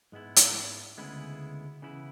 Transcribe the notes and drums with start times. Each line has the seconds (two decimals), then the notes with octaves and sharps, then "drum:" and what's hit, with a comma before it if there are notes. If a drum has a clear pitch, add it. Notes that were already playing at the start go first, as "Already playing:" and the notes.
0.12 G#2 G#3 B3 E4
0.36 drum: hi-hat
0.98 D2 C#3 G#3 B3 E4
1.82 C#3 E3 B3 E4